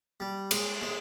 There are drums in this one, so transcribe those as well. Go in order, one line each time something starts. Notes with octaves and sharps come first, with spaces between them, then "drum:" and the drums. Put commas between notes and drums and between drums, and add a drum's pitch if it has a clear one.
G3
G#3, drum: cymbal
G#3